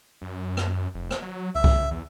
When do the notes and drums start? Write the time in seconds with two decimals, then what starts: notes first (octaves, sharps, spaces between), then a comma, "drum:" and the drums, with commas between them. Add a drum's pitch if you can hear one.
0.22 F#2
0.57 drum: rim click
0.95 F1
1.11 drum: rim click
1.22 F#3
1.55 C#2 E5
1.64 drum: kick C2
1.91 E2